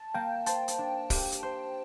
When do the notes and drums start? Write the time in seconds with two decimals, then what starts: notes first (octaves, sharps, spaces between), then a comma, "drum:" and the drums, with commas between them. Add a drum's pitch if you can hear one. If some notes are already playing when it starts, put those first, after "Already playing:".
Already playing: A5
0.14 A#3 G5
0.46 C5 A5, drum: hi-hat
0.68 drum: hi-hat
0.78 D4
1.10 G4, drum: kick, open hi-hat
1.32 drum: hi-hat
1.43 C5